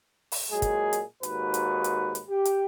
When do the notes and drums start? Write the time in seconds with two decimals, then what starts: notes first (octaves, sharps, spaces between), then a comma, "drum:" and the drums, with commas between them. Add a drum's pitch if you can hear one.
0.32 drum: open hi-hat
0.51 A#2 F#3 G#3 G#4
0.62 drum: kick, hi-hat
0.93 drum: hi-hat
1.23 D#2 G#2 F#4 B4, drum: hi-hat
1.54 drum: hi-hat
1.84 drum: hi-hat
2.15 drum: hi-hat
2.29 G4
2.45 drum: hi-hat